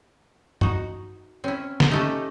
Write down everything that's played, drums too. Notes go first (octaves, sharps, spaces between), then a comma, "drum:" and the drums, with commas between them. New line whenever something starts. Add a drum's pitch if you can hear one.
D#4 F#4, drum: tom G2
C4 C#4 E4
drum: snare
A3 C#4 D#4 G4 A4 D#5